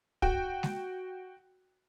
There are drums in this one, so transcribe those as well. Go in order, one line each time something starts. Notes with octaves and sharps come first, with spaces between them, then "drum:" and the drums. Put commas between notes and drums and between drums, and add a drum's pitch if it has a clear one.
F#4 G5, drum: kick
drum: snare